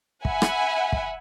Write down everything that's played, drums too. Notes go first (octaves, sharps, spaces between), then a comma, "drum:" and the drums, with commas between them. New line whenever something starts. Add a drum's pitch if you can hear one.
E5 F#5 G#5 B5, drum: kick
drum: rim click
drum: kick